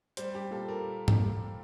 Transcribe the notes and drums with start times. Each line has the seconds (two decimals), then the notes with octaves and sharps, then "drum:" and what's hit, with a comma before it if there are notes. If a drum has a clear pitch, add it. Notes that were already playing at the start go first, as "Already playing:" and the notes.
0.17 G3 C5, drum: hi-hat
0.35 G4
0.51 A#2 A4
0.69 A#4
1.08 drum: tom G#2